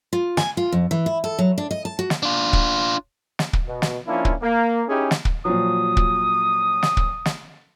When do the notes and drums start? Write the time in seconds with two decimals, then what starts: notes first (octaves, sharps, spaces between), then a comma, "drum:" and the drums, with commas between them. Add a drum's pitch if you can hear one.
0.13 F4
0.37 G#5, drum: snare
0.57 F4
0.72 F2
0.91 E3
1.06 E4
1.24 A4
1.39 F#3
1.58 D4
1.71 D#5
1.85 A5
1.99 F#4
2.10 drum: snare
2.23 D4 F4
2.53 drum: kick
3.39 drum: snare
3.53 drum: kick
3.66 B2
3.82 drum: snare
4.07 F3 A#3 C#4 D4 E4 F4
4.25 drum: kick
4.41 A#3
4.88 C#4 D#4 E4 G4 G#4
5.11 drum: snare
5.25 drum: kick
5.45 A#2 F3 F#3 D#6
5.97 drum: kick
6.83 drum: snare
6.97 drum: kick
7.25 drum: snare